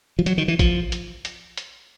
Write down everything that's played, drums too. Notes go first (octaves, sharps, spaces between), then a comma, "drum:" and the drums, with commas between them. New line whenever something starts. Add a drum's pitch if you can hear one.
F3
F#3, drum: hi-hat
D#3
E3
F3, drum: kick A1, hi-hat
drum: hi-hat
drum: hi-hat
drum: hi-hat